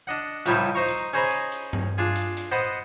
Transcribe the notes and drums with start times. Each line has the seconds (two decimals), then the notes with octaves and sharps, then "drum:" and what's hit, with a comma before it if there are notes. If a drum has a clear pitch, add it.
0.07 D4 D#5 F#5
0.46 C#2 F3 G3 D#4 E4 G5, drum: hi-hat
0.74 D#4 C5 A#5 C#6
0.88 drum: hi-hat
1.13 C#4 G#4 C5 D#5 A#5 B5
1.31 drum: hi-hat
1.52 drum: hi-hat
1.73 drum: tom G2
1.98 D4 F4 G#4
2.15 drum: hi-hat
2.37 drum: hi-hat
2.51 B3 C5 D#5 F#5